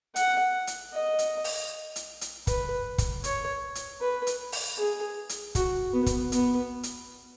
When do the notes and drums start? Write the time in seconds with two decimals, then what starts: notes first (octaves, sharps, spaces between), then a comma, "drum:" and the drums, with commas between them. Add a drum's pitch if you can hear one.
0.16 F#5, drum: hi-hat
0.67 drum: hi-hat
0.93 D#5
1.19 drum: hi-hat
1.44 drum: open hi-hat
1.96 drum: hi-hat
2.21 drum: hi-hat
2.47 B4, drum: kick, hi-hat
2.98 drum: kick, hi-hat
3.24 C#5, drum: hi-hat
3.75 drum: hi-hat
4.01 B4
4.27 drum: hi-hat
4.52 drum: open hi-hat
4.78 G#4
5.29 drum: hi-hat
5.55 F#4, drum: kick, hi-hat
5.93 B3
6.06 drum: kick, hi-hat
6.32 B3, drum: hi-hat
6.83 drum: hi-hat